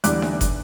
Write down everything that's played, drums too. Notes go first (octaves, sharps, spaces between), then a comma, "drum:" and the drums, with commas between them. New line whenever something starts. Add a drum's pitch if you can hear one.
E2 D3 G3 D6 F#6, drum: hi-hat
drum: snare D#4
drum: kick, hi-hat